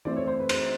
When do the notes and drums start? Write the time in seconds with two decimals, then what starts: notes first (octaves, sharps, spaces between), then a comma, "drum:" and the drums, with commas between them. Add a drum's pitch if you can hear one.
0.05 E3 A3 C4 D5
0.17 C#5
0.27 C5
0.39 B4
0.49 C5, drum: cymbal